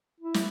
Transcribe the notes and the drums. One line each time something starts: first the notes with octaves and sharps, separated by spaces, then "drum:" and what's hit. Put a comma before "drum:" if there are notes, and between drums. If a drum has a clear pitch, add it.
E4
drum: snare